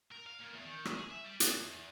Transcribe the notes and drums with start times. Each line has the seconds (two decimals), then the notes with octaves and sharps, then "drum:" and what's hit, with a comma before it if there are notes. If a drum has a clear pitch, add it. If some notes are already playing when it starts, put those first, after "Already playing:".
0.11 A#4
0.26 F5
0.39 A#2
0.54 E2
0.65 D#3
0.85 A2, drum: rim click
0.97 G#4
1.10 E5
1.24 G3
1.40 A5, drum: hi-hat
1.59 E2